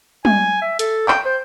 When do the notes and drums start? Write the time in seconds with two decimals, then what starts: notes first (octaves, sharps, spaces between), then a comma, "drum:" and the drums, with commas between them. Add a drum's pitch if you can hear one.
0.25 G#5, drum: tom
0.62 E5
0.79 A4, drum: hi-hat
1.08 G5, drum: clap
1.25 C5